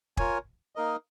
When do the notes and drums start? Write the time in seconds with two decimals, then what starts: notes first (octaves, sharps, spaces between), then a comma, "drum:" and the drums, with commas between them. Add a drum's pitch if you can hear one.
0.17 F4 A#4 C#5 G#5, drum: kick
0.76 A#3 D#4 A#4 D#5